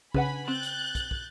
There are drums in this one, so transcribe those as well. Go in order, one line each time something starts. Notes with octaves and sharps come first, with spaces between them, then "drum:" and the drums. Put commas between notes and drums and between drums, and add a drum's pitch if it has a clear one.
C#3 D4 B4 F#5 G#5 B5, drum: kick
C4 F#6 G6 A6
drum: hi-hat
drum: kick, hi-hat
drum: kick